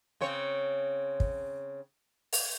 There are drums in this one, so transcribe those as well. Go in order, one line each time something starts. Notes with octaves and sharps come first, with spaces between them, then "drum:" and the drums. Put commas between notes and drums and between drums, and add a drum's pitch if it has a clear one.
C#3 C4 C#5
drum: kick
drum: open hi-hat